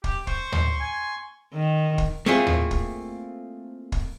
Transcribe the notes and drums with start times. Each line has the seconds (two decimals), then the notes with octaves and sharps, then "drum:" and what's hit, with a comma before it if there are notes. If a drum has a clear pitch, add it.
0.04 G4, drum: kick
0.27 C5 C6 C#6, drum: kick
0.52 drum: tom D2
0.80 G#5
1.53 D#3
1.98 drum: kick
2.26 A3 A#3 C4 E4 F4 G#4
2.47 drum: tom D2
2.71 drum: kick
3.92 drum: kick